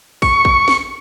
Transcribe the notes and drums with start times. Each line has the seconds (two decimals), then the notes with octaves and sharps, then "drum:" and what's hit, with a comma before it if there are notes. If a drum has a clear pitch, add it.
0.22 C#6, drum: kick, open hi-hat
0.45 drum: kick
0.68 drum: snare